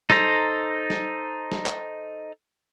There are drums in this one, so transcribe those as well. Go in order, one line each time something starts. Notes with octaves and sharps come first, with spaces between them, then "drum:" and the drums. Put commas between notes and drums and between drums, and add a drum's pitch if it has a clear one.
D#4 A4 C5 A#5, drum: snare
drum: snare
drum: snare
drum: clap